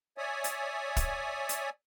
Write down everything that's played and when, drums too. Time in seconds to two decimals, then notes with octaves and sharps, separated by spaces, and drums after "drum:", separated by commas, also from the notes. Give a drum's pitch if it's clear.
0.18 C#5 D5 E5 G#5 D#6
0.44 drum: hi-hat
0.96 drum: kick, hi-hat
1.49 drum: hi-hat